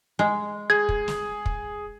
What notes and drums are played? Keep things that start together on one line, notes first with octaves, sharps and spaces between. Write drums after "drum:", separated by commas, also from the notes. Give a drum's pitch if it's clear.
G#3
G#4 G#6
drum: kick
drum: snare
drum: kick